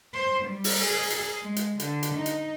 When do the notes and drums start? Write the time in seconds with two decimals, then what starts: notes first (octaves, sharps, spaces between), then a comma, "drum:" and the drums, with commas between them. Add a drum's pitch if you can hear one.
0.14 C5
0.45 G3
0.64 drum: open hi-hat
0.81 G#4
1.10 drum: hi-hat
1.41 G#3
1.56 drum: hi-hat
1.80 D3, drum: hi-hat
2.03 drum: hi-hat
2.15 D#4
2.26 drum: hi-hat